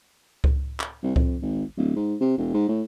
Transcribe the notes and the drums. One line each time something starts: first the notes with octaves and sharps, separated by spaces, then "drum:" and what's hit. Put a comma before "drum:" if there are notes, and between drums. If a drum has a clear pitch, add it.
drum: kick C#2
drum: clap
C2
F2, drum: kick C#2
G#1
D1
G#2
C3
E1
G#2
A2